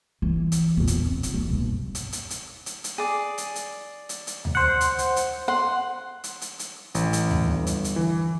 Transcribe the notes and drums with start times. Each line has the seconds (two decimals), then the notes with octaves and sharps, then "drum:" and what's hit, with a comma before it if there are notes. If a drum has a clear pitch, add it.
0.22 E3
0.52 drum: hi-hat
0.77 E2 A#2
0.87 drum: hi-hat
1.05 F3 C4
1.23 drum: hi-hat
1.34 D#2
1.49 G2 B2
1.95 drum: hi-hat
2.13 drum: hi-hat
2.30 drum: hi-hat
2.66 drum: hi-hat
2.84 drum: hi-hat
2.98 G#4 D5
3.38 drum: hi-hat
3.56 drum: hi-hat
4.09 drum: hi-hat
4.27 drum: hi-hat
4.45 drum: tom D2
4.55 C5 F#5
4.81 drum: hi-hat
4.98 drum: hi-hat
5.16 drum: hi-hat
5.48 F#5 C6
6.24 drum: hi-hat
6.41 drum: hi-hat
6.59 drum: hi-hat
6.95 A1, drum: hi-hat
7.13 drum: hi-hat
7.31 drum: tom D2
7.45 G1
7.67 drum: hi-hat
7.84 drum: hi-hat
7.96 E3